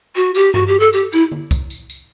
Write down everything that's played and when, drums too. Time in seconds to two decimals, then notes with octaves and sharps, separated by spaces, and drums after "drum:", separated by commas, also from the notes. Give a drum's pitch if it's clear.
0.16 F#4, drum: tambourine
0.35 G4, drum: tambourine
0.54 F#4, drum: tom G2
0.67 G4
0.80 A4
0.93 G4, drum: tambourine
1.13 E4, drum: tambourine
1.32 drum: tom D3
1.51 drum: kick, tambourine
1.70 drum: tambourine
1.90 drum: tambourine